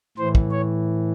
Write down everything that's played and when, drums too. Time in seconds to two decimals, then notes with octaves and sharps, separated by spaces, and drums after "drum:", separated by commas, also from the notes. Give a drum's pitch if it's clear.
0.18 A2 E3 C5
0.35 drum: kick
0.51 C#5